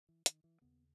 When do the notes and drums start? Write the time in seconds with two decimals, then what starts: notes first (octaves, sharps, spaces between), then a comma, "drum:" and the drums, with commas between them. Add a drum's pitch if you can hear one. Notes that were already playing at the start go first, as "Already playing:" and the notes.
0.09 E3
0.26 D#3, drum: hi-hat
0.44 E3
0.61 D#2 C#3 B3